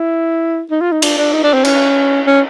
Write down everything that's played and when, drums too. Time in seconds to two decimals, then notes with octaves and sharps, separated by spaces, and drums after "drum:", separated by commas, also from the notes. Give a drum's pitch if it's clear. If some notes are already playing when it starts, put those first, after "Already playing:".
Already playing: E4
0.71 D#4
0.81 F4
0.92 D#4
1.02 D4, drum: cymbal
1.18 D4
1.33 D#4
1.44 D4
1.54 C4
1.65 C#4, drum: cymbal
2.27 C#4